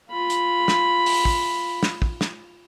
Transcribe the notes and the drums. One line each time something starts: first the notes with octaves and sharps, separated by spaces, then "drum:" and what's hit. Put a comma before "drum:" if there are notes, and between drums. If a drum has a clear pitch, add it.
F4 B5
drum: hi-hat
drum: snare
drum: open hi-hat
drum: kick
drum: snare
drum: kick
drum: snare